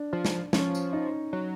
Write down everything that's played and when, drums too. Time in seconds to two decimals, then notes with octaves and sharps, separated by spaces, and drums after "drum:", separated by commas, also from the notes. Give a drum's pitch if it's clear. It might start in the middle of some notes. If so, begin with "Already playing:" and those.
Already playing: D4
0.13 F3
0.25 drum: snare
0.53 F3 C#4, drum: snare
0.75 drum: tambourine
0.93 D#4
1.33 F#3